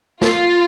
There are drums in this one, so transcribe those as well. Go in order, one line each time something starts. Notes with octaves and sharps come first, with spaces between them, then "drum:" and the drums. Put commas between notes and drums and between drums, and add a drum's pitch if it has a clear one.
F4, drum: snare